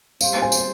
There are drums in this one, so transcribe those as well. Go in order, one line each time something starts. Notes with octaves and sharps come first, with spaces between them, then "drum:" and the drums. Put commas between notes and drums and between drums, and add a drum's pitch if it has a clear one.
G3 C4 G4 C5 F5, drum: tambourine
G#5
drum: tambourine